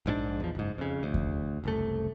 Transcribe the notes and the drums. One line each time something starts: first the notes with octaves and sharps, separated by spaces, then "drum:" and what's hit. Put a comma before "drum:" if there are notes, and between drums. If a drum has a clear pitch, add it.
A#1 G#2 E3 D4
E2 F3
F#1 G#2
F2 C#3
D2
drum: kick E2
F#1 C2 A3